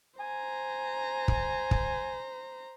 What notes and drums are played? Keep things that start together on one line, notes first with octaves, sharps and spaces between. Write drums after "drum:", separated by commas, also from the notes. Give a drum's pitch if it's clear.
C5 G#5 A#5
drum: kick
drum: kick